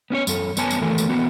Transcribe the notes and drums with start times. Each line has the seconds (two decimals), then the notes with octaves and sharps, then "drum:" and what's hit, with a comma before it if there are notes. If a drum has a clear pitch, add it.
0.10 B3 C#4 G4 C#5
0.27 F#2 A4, drum: tambourine
0.57 F#2 B3 C#5 G#5 A5, drum: tambourine
0.70 drum: tambourine
0.81 D#3 E3 F#3 A3 A4 A#4
0.98 drum: tambourine
1.08 E3 B3 F#4 C5